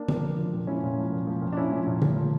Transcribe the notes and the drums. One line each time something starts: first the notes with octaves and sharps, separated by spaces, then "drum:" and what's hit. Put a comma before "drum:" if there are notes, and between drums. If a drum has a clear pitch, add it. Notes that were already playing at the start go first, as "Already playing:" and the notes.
Already playing: A#3 D4
F3, drum: tom D3
F3
F3
A#2
F3 C#4 E4
A#2
F3
A#2
F3
A#2
D4
A#2 C#4 E4
F3
A#2
A#2, drum: tom D3
F3